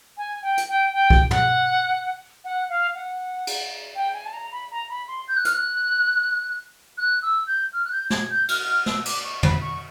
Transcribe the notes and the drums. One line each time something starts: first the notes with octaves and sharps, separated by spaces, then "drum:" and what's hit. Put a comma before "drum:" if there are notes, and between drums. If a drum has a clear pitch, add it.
G#5
G5
drum: hi-hat
G5
G5
drum: kick C2
F#5, drum: tom
F#5
F5
F#5
drum: cymbal
G5
G#5
A5
A#5
B5
A#5
B5
C6
G6
F#6
F6, drum: hi-hat
F#6
F#6
E6
G6
F6
F#6
G6
G#6, drum: snare
G6
F6, drum: cymbal
F6
E6, drum: snare
D6, drum: cymbal
C#6
B5, drum: tom
C#6